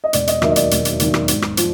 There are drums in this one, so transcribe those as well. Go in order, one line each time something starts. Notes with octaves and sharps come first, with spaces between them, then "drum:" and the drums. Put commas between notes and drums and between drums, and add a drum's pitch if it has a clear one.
D#5
E1 D5, drum: hi-hat
D#5, drum: hi-hat
D#2 D#3 F#3 A#3 E5, drum: rim click
D#5
D5, drum: hi-hat
E1, drum: hi-hat
drum: hi-hat
D#2 D#3 F#3 A#3, drum: hi-hat
drum: rim click
G#2, drum: hi-hat
drum: rim click
F3, drum: hi-hat